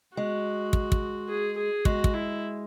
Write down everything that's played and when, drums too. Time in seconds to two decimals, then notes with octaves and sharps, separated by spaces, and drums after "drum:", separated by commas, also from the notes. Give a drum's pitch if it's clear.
0.17 G#3 F#4
0.73 drum: kick
0.92 drum: kick
1.29 G#4
1.57 G#4
1.85 G#3 F#4, drum: kick
2.04 drum: kick
2.14 E4